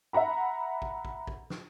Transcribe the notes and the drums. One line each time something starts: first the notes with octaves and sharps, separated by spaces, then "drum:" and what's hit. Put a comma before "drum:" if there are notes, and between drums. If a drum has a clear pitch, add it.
E5 F#5 A#5 B5
drum: kick
drum: kick
drum: kick
drum: snare